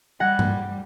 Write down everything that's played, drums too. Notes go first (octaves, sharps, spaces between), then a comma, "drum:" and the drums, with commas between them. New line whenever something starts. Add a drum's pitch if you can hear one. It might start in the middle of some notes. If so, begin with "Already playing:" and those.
G3 F#5 G#6 A#6
drum: tom G2